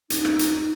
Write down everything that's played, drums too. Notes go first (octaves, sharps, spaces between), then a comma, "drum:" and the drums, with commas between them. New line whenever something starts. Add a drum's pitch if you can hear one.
D#4, drum: hi-hat
drum: rim click
drum: hi-hat